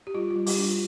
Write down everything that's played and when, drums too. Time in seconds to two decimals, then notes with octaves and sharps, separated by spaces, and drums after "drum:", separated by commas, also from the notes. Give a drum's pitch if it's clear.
0.07 G4
0.14 G3 F4
0.30 F4
0.36 G3
0.46 G3 G4, drum: open hi-hat
0.57 D4
0.64 F4